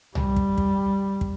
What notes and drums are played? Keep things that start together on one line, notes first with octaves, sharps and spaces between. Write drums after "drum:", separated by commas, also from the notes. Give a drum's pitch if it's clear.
G3, drum: tom C2
drum: kick
drum: kick
drum: kick